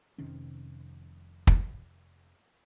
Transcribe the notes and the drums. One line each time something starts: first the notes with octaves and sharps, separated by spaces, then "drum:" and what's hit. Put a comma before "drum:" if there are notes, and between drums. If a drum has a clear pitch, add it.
F1 C3 D#3 C#4
drum: kick